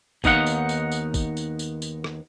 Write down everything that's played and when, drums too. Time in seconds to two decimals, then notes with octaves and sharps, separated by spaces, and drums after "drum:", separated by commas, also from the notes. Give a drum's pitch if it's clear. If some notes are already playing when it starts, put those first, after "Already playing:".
0.24 D#2 B3 D#4 F5 F#5, drum: kick, tambourine
0.46 drum: tambourine
0.69 drum: tambourine
0.92 drum: tambourine
1.14 drum: kick, tambourine
1.37 drum: tambourine
1.59 drum: tambourine
1.82 drum: tambourine
2.04 drum: rim click